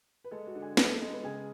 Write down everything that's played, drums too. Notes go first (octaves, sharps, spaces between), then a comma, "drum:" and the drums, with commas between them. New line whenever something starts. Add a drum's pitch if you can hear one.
B4
G#3 A4
F#4
D3
G#4
B3 B4, drum: snare
A4
G#3
B4
C#3 G#4